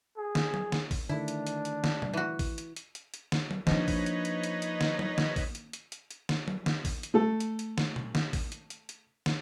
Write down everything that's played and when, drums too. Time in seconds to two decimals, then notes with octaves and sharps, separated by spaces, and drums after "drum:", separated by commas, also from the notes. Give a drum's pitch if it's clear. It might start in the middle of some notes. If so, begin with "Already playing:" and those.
0.17 G#4
0.35 drum: snare
0.54 drum: tom F#3
0.72 drum: snare
0.91 drum: kick, open hi-hat
1.09 D3 D#3 A3 D4 E4
1.28 drum: hi-hat
1.47 drum: hi-hat
1.65 drum: hi-hat
1.84 drum: snare
2.02 drum: tom
2.13 E3 F#4
2.39 drum: kick, open hi-hat
2.58 drum: hi-hat
2.76 drum: hi-hat
2.95 drum: hi-hat
3.14 drum: hi-hat
3.32 drum: snare
3.51 drum: tom F#3
3.67 F3 A#3 D4 D#4 B4 C#5 D#5, drum: snare
3.88 drum: kick, open hi-hat
4.06 drum: hi-hat
4.25 drum: hi-hat
4.44 drum: hi-hat
4.62 drum: hi-hat
4.81 drum: snare
4.99 drum: tom F#3
5.18 drum: snare
5.36 drum: kick, open hi-hat
5.55 drum: hi-hat
5.73 drum: hi-hat
5.92 drum: hi-hat
6.11 drum: hi-hat
6.29 drum: snare
6.48 drum: tom F#3
6.66 drum: snare
6.85 drum: kick, open hi-hat
7.03 drum: hi-hat
7.14 A3 A4
7.40 drum: hi-hat
7.59 drum: hi-hat
7.78 drum: snare
7.96 drum: tom A#2
8.15 drum: snare
8.33 drum: kick, open hi-hat
8.52 drum: hi-hat
8.70 drum: hi-hat
8.89 drum: hi-hat
9.26 drum: snare